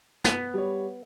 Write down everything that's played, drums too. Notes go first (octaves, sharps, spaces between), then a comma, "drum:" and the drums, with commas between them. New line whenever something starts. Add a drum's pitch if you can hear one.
B3, drum: snare
G3 C#5